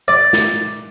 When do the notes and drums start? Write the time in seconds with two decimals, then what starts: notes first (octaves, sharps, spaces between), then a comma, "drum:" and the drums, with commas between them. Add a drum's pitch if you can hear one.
0.08 D5
0.33 drum: snare